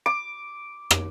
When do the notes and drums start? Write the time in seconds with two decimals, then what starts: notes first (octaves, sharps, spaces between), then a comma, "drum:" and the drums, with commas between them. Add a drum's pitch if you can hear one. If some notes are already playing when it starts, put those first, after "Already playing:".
0.06 D6
0.91 drum: rim click